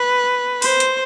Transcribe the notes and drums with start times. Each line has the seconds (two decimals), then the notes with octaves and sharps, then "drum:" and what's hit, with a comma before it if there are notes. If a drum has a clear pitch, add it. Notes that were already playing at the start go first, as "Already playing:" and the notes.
Already playing: B4
0.62 C5, drum: open hi-hat
0.80 drum: hi-hat